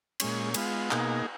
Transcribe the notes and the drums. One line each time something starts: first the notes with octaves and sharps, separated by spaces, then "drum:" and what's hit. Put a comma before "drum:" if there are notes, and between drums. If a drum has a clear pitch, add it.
A#2 G#3 C#4, drum: cymbal
G#3 B3 F4, drum: cymbal
B2 A#3 D#4 G#4, drum: clap